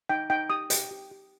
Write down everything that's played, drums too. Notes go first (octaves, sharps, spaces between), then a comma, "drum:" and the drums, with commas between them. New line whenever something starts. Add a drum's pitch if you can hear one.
D#4 G5
D#4 G5
G4 D#6
G4, drum: hi-hat
G4
G4